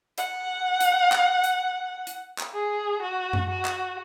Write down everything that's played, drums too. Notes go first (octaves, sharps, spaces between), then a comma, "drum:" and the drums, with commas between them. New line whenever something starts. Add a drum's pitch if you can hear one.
F#5, drum: hi-hat
drum: hi-hat
drum: clap
drum: hi-hat
drum: hi-hat
drum: clap
G#4
F#4
drum: tom F#2
F#4
drum: clap